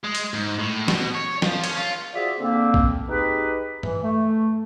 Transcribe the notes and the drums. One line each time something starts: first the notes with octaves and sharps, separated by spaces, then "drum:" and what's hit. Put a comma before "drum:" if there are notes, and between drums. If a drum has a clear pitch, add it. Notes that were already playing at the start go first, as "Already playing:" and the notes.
G#3
drum: hi-hat
G#2
A2
B2, drum: snare
C#5
F3, drum: snare
C#4, drum: cymbal
F4
F4 F#4 G#4 C5 D5 E5
D3 A#3 C4
drum: kick A#1
D#4 G4 G#4 B4
E3, drum: tom G2
A3